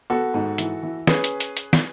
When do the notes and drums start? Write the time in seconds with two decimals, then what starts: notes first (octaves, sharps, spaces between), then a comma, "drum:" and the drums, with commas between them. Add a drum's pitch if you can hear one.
0.10 B3 F#4 A4
0.34 G#2
0.58 E3, drum: hi-hat
0.83 E3
1.07 C#4 G#4 B4, drum: snare
1.24 drum: hi-hat
1.40 drum: hi-hat
1.57 drum: hi-hat
1.73 drum: snare